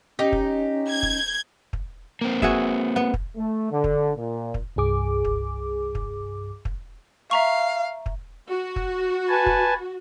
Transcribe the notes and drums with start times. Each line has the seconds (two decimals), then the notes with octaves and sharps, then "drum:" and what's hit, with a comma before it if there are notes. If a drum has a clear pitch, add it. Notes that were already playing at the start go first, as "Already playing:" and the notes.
0.19 C#4 D#4 G4
0.32 drum: kick
0.90 G6 G#6
1.03 drum: kick
1.73 drum: kick
2.21 A#3 C4
2.42 F#4 G#4 E5, drum: kick
2.96 B3
3.14 drum: kick
3.37 A3
3.72 D3
3.84 drum: kick
4.17 A#2
4.54 drum: kick
4.76 C2 G2 G#4 D6
5.25 drum: kick
5.95 drum: kick
6.65 drum: kick
7.31 E5 F5 A#5 C#6
8.06 drum: kick
8.49 F#4
8.76 drum: kick
9.29 B4 G#5 A5
9.46 drum: kick